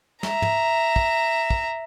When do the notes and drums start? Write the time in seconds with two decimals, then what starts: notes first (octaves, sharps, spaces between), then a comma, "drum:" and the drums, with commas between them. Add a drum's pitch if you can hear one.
0.23 E5 A#5, drum: snare
0.42 drum: tom
0.96 drum: kick
1.50 drum: kick